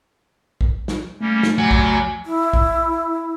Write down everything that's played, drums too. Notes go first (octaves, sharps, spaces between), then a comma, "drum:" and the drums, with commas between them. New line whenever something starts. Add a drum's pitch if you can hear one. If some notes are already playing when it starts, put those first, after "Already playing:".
drum: kick
drum: snare
G3 A3 A#3 C#4
drum: snare
E2 C3 F#3 G#5
drum: kick
E4
drum: kick